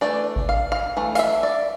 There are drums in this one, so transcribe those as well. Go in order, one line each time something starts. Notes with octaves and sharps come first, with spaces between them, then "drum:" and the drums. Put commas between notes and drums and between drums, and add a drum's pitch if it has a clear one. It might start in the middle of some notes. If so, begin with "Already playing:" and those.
E3 A3 D4 D5
drum: kick G#1
F5
F5
E3 A3
F5, drum: hi-hat
E5
D5